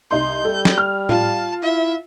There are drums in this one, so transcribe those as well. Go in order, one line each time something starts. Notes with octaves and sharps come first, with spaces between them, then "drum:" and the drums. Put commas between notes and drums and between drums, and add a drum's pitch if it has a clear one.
C2 D#4 C6 G6
G3 A4
drum: snare
F6
F4 A5, drum: tom A2
E4 E5